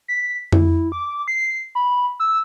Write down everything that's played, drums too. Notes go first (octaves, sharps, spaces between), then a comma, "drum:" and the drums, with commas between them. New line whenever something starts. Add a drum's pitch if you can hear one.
B6
E4, drum: tom F2
D6
C7
B5
E6